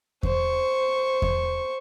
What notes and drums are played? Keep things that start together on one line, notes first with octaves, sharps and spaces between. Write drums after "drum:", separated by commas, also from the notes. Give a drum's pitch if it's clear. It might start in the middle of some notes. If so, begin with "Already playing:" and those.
C5 C#6, drum: kick E2
drum: kick E2